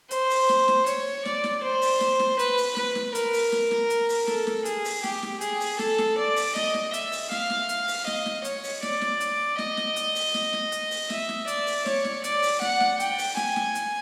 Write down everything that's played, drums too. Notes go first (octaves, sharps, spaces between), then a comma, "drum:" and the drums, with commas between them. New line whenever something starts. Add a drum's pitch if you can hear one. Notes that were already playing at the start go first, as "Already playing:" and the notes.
C5, drum: hi-hat
drum: open hi-hat
drum: snare
drum: snare
C#5, drum: hi-hat
D5, drum: snare
drum: snare
C5
drum: open hi-hat
drum: snare
drum: snare
B4, drum: hi-hat
drum: open hi-hat
B4, drum: snare
drum: snare
A#4, drum: hi-hat
drum: open hi-hat
drum: snare
drum: snare
drum: hi-hat
drum: open hi-hat
A4, drum: snare
drum: snare
G#4, drum: hi-hat
drum: open hi-hat
G4, drum: snare
drum: snare
G#4, drum: hi-hat
drum: open hi-hat
A4, drum: snare
drum: snare
D5
drum: open hi-hat
D#5, drum: snare
drum: snare
E5, drum: hi-hat
drum: open hi-hat
F5, drum: snare
drum: snare
drum: hi-hat
drum: open hi-hat
D#5, drum: snare
drum: snare
C#5, drum: hi-hat
drum: open hi-hat
D5, drum: snare
drum: snare
drum: hi-hat
D#5, drum: snare
drum: snare
drum: hi-hat
drum: open hi-hat
drum: snare
drum: snare
drum: hi-hat
drum: open hi-hat
E5, drum: snare
drum: snare
D5, drum: hi-hat
drum: open hi-hat
C#5, drum: snare
drum: snare
D5, drum: hi-hat
drum: open hi-hat
F#5, drum: snare
drum: snare
G5, drum: hi-hat
drum: open hi-hat
G#5, drum: snare
drum: snare
drum: hi-hat